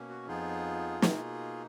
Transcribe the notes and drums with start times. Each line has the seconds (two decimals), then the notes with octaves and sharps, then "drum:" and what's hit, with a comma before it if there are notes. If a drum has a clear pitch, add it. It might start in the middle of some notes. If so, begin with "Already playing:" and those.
Already playing: B2 A#3 C#4
0.09 F#4
0.27 F2 F3 B3 D#4 F4 G#4
1.02 B2 A#3 D#4, drum: snare